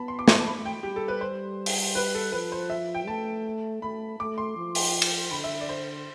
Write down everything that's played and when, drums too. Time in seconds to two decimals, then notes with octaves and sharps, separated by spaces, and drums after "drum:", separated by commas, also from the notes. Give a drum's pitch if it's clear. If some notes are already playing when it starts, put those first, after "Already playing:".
Already playing: B3 A5 B5
0.08 C6
0.19 D6
0.28 C6, drum: snare
0.38 A5
0.46 A3 B5
0.65 G5
0.83 G3 G4
0.96 A4
1.08 B4
1.21 C5
1.66 drum: open hi-hat
1.95 B4
2.15 A4
2.32 F3 B4
2.52 C5
2.70 E5
2.95 G5
3.07 A3 A5
3.82 A3 B5
4.20 A3 D6
4.38 C6
4.57 F3
4.75 drum: open hi-hat
5.02 drum: cymbal
5.31 D3 B5
5.44 E5
5.61 D5
5.69 C5